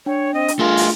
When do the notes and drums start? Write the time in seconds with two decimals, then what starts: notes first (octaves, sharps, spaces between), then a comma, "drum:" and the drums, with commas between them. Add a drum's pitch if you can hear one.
0.06 D4 C#5 G5
0.34 C4 D#5
0.48 drum: hi-hat
0.59 A3 F4 G#4 A#4
0.77 drum: open hi-hat